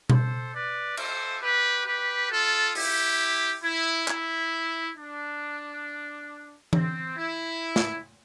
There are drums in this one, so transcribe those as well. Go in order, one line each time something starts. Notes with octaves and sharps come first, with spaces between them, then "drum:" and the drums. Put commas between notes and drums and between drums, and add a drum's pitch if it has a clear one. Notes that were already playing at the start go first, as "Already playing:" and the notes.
A4 C5, drum: tom B2
B4 D5
A4 C5, drum: cymbal
G4 B4
G4 B4
F4 A4
E4 G4, drum: open hi-hat
E4
E4, drum: clap
D4
C4, drum: tom E3
E4
drum: snare